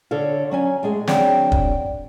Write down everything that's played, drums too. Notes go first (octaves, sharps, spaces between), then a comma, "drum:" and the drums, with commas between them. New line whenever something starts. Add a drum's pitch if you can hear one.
D3 A4 C#5 F5
F#3 C#4 G#5
A2 G#3 G#4
F#3 C4 D4 G#4 F5, drum: snare
drum: kick